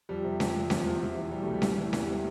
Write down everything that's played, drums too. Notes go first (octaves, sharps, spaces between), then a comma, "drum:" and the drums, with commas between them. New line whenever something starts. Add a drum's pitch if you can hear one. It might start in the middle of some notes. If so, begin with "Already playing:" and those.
F2 G3
C3
F2, drum: snare C#4
C3
E2 F3, drum: snare C#4
C3
C3
E3
B2 G3
C2 A3
G3
A2, drum: snare C#4
E3
E2 G3, drum: snare C#4
C3